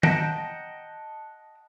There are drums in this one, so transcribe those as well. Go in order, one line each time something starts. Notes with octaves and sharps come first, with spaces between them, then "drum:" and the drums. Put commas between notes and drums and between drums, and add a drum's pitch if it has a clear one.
D#5 F#5 G5 A5 A#5, drum: tom D#3